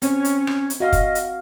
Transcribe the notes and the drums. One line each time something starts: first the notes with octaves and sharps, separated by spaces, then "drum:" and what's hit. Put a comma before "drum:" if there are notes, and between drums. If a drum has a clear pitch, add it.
C4 C#4, drum: hi-hat
drum: hi-hat
drum: rim click
drum: hi-hat
F#4 D#5 F5
drum: kick, hi-hat
drum: hi-hat